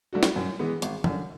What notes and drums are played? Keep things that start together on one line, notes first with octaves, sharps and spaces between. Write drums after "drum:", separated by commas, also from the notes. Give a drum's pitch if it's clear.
F#3 A3 D4 F#4
drum: snare
F#2
E3 G#3 B3
G#1, drum: hi-hat
F#2 D3, drum: tom